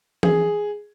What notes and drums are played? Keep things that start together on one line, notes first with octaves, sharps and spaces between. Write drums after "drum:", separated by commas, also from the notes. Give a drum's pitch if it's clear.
G#4, drum: tom E3